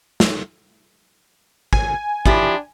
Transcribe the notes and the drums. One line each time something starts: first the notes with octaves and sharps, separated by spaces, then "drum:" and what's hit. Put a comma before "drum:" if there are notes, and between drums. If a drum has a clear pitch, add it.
drum: snare
G#5, drum: kick
F3 D4 E4 G4, drum: kick